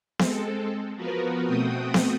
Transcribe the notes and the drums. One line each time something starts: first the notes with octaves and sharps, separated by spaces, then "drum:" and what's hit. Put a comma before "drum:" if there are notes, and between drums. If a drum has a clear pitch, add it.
G#3 C4 A4, drum: snare B3
F3 B3 F#4 A#4 B4
B2 A3 C4 F#4 G5 D#6
drum: snare B3